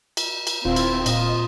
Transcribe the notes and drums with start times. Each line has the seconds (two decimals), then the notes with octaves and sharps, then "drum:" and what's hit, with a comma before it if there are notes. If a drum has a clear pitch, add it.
0.17 drum: cymbal
0.47 drum: cymbal
0.65 D#1 C4 E4 F4
0.76 drum: cymbal
1.06 A#2 F4 D#5, drum: cymbal